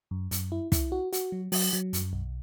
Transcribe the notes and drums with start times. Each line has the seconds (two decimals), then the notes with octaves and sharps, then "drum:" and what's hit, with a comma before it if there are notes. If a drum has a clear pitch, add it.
0.11 F#2
0.31 F#2, drum: hi-hat
0.52 E4
0.72 E4, drum: kick, hi-hat
0.92 F#4
1.13 F#4, drum: hi-hat
1.32 F#3
1.52 F#3, drum: open hi-hat
1.73 F#3
1.93 F#2, drum: hi-hat
2.13 B1